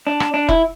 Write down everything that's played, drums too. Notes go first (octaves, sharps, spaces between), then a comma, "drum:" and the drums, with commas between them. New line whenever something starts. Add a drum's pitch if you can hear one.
D4
drum: rim click
D4
E4, drum: kick E1